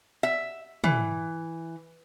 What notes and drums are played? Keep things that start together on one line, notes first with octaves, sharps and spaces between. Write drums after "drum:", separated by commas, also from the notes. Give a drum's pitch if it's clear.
E5
E3, drum: tom